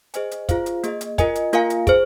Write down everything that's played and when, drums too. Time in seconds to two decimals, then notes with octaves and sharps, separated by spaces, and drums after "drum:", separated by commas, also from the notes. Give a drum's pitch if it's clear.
0.14 G#4 C5 D#5 G#5, drum: hi-hat
0.31 drum: hi-hat
0.49 F4 G#4 C5 F5, drum: kick, hi-hat
0.66 drum: hi-hat
0.84 A#3 G#4 D#5, drum: hi-hat
1.01 drum: hi-hat
1.18 F4 A#4 D#5 G#5, drum: kick, hi-hat
1.35 drum: hi-hat
1.53 A#3 F4 A#4 F5 G#5, drum: hi-hat
1.70 drum: hi-hat
1.87 G#4 C5, drum: kick, hi-hat